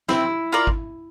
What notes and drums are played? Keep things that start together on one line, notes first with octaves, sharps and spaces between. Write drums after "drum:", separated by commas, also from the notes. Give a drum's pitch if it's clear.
C4 E4, drum: snare
F4 A#4 D5
drum: kick G#1